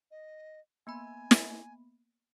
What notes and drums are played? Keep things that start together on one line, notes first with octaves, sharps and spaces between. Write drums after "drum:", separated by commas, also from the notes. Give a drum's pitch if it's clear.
D#5
A#3 B3 G#5 B5
drum: snare